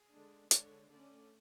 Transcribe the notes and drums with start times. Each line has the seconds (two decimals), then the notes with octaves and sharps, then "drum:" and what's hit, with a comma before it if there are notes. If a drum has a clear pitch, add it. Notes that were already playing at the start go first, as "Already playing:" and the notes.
Already playing: G#4
0.12 D3 G#3 D4
0.51 D3 G#3 D4 C#5, drum: hi-hat
0.90 D3 A3 C#4 D5